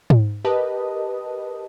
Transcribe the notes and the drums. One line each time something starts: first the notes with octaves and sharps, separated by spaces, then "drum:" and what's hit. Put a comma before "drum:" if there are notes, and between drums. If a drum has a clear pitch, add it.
drum: tom G#2
G4 A#4 B4 D#5 A5 D#6